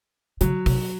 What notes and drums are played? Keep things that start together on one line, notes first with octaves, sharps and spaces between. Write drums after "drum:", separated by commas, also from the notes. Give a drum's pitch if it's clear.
C#3 F#3, drum: hi-hat
C3, drum: kick, open hi-hat